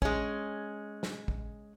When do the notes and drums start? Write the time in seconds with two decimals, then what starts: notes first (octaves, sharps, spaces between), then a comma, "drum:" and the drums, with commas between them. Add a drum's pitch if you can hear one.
0.02 G#3 C#4, drum: kick
1.03 drum: snare
1.28 drum: kick